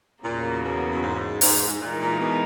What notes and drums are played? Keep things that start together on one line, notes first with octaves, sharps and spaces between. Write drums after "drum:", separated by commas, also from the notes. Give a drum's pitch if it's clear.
E2 A#2 C#3 F#3 A#3
B2
F#2
G#2
G#2, drum: open hi-hat
G#2
A#2 E3 G#3 D#4 A#4
A#2
B2